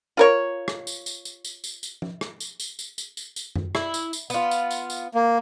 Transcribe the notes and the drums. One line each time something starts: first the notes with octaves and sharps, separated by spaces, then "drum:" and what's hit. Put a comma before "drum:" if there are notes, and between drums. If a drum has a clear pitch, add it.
F4 A#4 C#5
drum: rim click
drum: tambourine
drum: tambourine
drum: tambourine
drum: tambourine
drum: tambourine
drum: tambourine
drum: tom F3
drum: rim click
drum: tambourine
drum: tambourine
drum: tambourine
drum: tambourine
drum: tambourine
drum: tambourine
drum: tom F#2
E4, drum: rim click
drum: tambourine
drum: tambourine
B3 F4, drum: tambourine
drum: tambourine
drum: tambourine
drum: tambourine
A#3